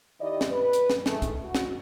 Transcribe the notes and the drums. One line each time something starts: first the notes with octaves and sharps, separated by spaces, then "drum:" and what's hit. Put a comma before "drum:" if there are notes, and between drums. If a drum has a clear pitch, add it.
D#3 E4 G4 D5 D#5
drum: snare
B4
drum: hi-hat
drum: snare
D#3 E3 G#3 A3, drum: snare
drum: kick, hi-hat
F#4
drum: snare